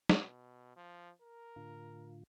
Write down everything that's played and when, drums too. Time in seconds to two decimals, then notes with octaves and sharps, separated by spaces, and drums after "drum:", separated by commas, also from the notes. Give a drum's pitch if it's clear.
0.09 drum: snare
0.22 B2
0.76 F3
1.22 A#4
1.56 A2 D3 F4